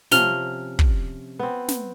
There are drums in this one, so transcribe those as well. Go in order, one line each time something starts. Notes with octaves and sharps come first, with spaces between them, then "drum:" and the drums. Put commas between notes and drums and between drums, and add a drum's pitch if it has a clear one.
C3 F3 C#4 F6 F7 G7, drum: snare
drum: kick
B3 C4
drum: snare